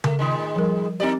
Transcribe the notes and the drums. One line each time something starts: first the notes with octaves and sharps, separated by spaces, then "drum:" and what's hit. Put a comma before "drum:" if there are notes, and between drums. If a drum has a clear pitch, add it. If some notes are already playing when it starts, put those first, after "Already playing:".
A3 A#4, drum: tom C#3
A2 D#3 G#3
F3 G3 A#4
C4 D#4 G4 A#4 D5